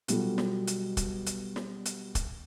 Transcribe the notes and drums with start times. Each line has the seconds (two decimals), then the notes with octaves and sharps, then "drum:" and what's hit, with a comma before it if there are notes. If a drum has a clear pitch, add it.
0.08 B2 F#3 G3 F4 F#4 A4, drum: hi-hat
0.38 drum: snare
0.67 drum: hi-hat
0.97 drum: kick, hi-hat
1.26 drum: hi-hat
1.56 drum: snare
1.85 drum: hi-hat
2.15 drum: kick, hi-hat